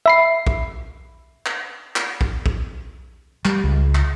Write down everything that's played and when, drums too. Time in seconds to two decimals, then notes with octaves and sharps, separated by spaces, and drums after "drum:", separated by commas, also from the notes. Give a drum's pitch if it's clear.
0.06 E5 B5 C7
0.47 drum: kick
1.46 drum: clap
1.96 drum: clap
2.21 drum: kick
2.46 drum: kick
3.45 G3, drum: clap
3.64 C#2
3.95 drum: clap